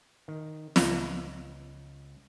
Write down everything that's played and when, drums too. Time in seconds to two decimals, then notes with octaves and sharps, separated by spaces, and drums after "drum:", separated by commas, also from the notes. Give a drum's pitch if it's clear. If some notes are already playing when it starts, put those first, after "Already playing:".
0.28 D#3
0.76 C#2, drum: snare